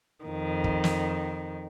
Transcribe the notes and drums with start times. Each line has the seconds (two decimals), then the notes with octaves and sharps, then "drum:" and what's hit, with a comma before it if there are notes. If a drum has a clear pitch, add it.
0.25 F2 D#3
0.64 drum: kick
0.84 drum: snare